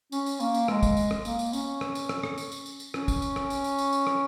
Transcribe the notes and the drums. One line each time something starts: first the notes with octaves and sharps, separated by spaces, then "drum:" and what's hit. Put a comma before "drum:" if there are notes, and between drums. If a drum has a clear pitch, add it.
C#4, drum: tambourine
drum: tambourine
A#3, drum: tambourine
drum: tambourine
G#3, drum: rim click
drum: kick, tambourine
drum: tambourine
drum: rim click
A#3, drum: tambourine
drum: tambourine
C#4, drum: tambourine
drum: rim click
drum: tambourine
drum: rim click
drum: rim click
drum: tambourine
drum: tambourine
drum: tambourine
drum: tambourine
C#4, drum: rim click
drum: kick, tambourine
drum: tambourine
drum: rim click
drum: tambourine
drum: tambourine
drum: tambourine
drum: tambourine
drum: rim click